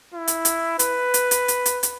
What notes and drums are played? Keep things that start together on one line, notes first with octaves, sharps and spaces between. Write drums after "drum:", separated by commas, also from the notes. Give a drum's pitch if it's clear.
E4
drum: hi-hat
drum: hi-hat
B4, drum: hi-hat
drum: hi-hat
drum: hi-hat
drum: hi-hat
drum: hi-hat
drum: hi-hat